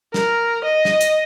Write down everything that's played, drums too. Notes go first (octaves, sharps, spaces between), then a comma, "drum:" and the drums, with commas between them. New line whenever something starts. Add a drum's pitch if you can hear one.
A#4, drum: snare
D#5
drum: snare
drum: hi-hat